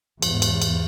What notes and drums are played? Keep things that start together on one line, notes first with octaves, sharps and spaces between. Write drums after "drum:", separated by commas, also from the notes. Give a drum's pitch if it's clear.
E2 G#2, drum: cymbal
drum: cymbal
drum: cymbal